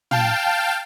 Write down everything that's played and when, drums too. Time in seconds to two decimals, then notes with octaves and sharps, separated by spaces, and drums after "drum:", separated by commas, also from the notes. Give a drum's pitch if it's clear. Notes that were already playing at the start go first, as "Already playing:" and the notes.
0.11 F5 G5 A5, drum: tom